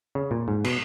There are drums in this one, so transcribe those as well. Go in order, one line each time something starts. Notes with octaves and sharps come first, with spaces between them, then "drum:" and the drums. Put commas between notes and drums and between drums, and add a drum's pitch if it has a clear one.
C#3
A#2
G#2
B2, drum: cymbal